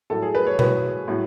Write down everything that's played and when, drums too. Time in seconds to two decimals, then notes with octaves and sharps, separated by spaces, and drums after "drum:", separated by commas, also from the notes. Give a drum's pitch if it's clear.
0.10 A2 F#3 A4
0.22 G#4
0.35 B4
0.47 C#5
0.59 A2 F#3 B4, drum: tom B2
1.08 A2 F#3